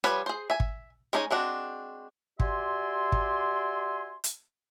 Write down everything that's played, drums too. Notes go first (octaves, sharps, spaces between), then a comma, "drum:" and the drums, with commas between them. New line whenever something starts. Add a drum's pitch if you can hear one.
F3 G3 B4 C#5 B5, drum: rim click
G#4 C5
E5 G#5
drum: kick
G#3 C#4 D#4 A#4 G#5
G#3 C4 D4 F#4
F#4 G4 D5 E5 G#5 C6, drum: kick
drum: kick
drum: hi-hat